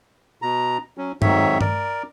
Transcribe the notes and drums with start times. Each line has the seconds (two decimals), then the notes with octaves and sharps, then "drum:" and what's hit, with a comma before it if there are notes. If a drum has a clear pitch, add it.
0.42 B2 A#5
0.98 F#3 C#4
1.22 F2 G#2 D#3 F#3 C#5 E5, drum: tom G2
1.61 A#4 D5, drum: tom G2